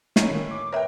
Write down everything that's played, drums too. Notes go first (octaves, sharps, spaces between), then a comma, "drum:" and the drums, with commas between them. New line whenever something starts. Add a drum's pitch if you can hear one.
A2 C#4 D#4, drum: snare
D#3
D6
A#4 B4 C#5 E5 G5